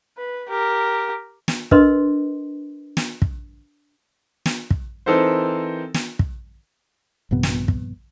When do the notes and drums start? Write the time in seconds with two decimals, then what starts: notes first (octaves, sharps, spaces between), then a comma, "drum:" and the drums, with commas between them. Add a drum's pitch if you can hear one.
0.17 B4
0.49 G4 A#4
1.48 drum: snare
1.71 D4 A#4 B4 D#5 C6, drum: kick
2.97 drum: snare
3.22 drum: kick
4.46 drum: snare
4.70 drum: kick
5.06 E3 C4 D#4 A4 A#4 C5
5.95 drum: snare
6.19 drum: kick
7.31 A#1 G2 C3 B3
7.43 drum: snare
7.68 drum: kick